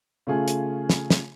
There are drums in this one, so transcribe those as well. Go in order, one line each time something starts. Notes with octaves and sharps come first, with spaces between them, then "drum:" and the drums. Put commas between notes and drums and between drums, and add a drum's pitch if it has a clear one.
C#3 A3 F4 G#4
drum: hi-hat
drum: snare
drum: snare